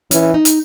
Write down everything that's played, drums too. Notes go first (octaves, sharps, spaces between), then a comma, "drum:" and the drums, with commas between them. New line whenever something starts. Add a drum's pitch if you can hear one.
E3 C#4, drum: hi-hat
D#4
drum: hi-hat